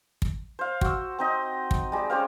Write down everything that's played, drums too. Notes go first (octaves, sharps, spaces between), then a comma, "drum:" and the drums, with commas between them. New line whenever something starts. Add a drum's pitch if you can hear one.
drum: kick
C5 F5
F#4 E6, drum: kick
C4 D#4 D#5
drum: kick
G3 G#3
C#4 G4 C5 F5